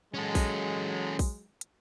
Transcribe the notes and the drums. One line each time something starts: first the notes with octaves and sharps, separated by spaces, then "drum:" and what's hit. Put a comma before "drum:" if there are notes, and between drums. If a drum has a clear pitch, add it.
F#3 G#3 C#4 A4
drum: kick A#1, open hi-hat
drum: kick A#1, open hi-hat
drum: hi-hat